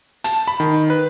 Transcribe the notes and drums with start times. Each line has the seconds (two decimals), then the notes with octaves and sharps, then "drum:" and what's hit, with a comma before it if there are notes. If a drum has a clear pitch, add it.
0.24 A5, drum: hi-hat
0.48 B5
0.60 D#3
0.90 B4